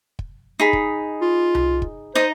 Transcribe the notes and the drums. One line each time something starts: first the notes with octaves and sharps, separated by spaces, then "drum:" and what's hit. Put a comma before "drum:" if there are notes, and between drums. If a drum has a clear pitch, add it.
drum: kick
D#4 G#4 B5
drum: kick
F4
drum: tom C2
drum: kick
D#4 C5 D#5 A#5